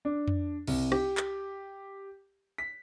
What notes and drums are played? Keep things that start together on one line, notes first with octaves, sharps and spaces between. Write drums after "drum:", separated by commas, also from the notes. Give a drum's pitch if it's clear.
D4
drum: tom F2
C2, drum: cymbal
G4, drum: rim click
drum: clap
B6